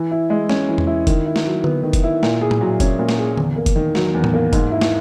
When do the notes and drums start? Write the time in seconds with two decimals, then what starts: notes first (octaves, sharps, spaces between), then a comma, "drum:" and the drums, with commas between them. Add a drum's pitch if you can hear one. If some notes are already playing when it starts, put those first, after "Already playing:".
Already playing: E3
0.11 E4
0.30 G#3
0.49 C#4, drum: snare
0.69 E3
0.78 drum: tom E2
0.87 E4
1.07 D#3, drum: kick F1, hi-hat
1.26 E4
1.36 drum: snare
1.45 F#3
1.64 B3, drum: tom D3
1.83 D#3
1.93 drum: kick F1, hi-hat
2.04 E4
2.23 A#2, drum: snare
2.41 G#4
2.51 drum: tom A2
2.61 F#3
2.80 C#4, drum: kick F1, hi-hat
2.99 A#2
3.09 drum: snare
3.19 G#4
3.37 E2, drum: tom D3
3.56 A#3
3.66 drum: kick F1, hi-hat
3.76 D#3
3.95 F#3, drum: snare
4.14 E2
4.24 drum: tom A2
4.34 A#3
4.53 G#2, drum: kick F1, hi-hat
4.72 E4
4.81 drum: snare